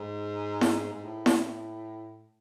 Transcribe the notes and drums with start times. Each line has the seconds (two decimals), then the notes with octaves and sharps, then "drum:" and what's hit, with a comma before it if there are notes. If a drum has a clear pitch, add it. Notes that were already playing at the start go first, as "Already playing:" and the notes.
Already playing: G#2
0.61 drum: snare E4
0.93 G#2
1.04 A2
1.26 drum: snare E4